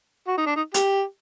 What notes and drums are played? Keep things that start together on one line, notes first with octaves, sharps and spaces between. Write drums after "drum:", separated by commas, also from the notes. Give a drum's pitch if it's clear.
F#4
D#4
D4
D#4
G4, drum: hi-hat